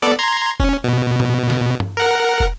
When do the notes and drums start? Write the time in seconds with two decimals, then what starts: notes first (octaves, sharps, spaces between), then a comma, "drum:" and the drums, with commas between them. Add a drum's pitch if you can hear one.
0.02 B3 A4 D5
0.19 A#5 C6 G#6
0.60 C#4, drum: kick
0.84 B2
1.20 drum: tom
1.50 drum: snare
1.80 drum: tom G2
1.97 A#4 F#5
2.40 drum: kick